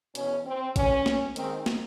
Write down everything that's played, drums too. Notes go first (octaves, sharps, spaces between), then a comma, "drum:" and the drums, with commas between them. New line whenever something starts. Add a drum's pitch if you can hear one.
E2 B2 C#4, drum: hi-hat
C4
D2 C#3 E3 C#4, drum: kick, hi-hat
drum: snare
G#2 D#3 C4, drum: hi-hat
drum: snare